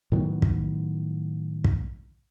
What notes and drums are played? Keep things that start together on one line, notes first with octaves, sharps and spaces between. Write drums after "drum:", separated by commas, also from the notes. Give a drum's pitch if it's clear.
A2 D#3 F#3 B3
drum: kick
drum: kick